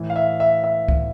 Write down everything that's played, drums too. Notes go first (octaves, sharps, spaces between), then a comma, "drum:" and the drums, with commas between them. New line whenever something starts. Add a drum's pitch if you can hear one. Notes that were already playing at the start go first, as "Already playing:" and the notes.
Already playing: A2 E3
F5
E5
E5
E5
drum: kick C2